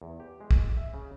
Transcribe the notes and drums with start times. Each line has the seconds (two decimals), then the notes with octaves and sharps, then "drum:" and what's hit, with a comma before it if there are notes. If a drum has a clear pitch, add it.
0.02 E2
0.20 G4
0.41 G#3
0.51 drum: kick
0.77 E5
0.94 C#3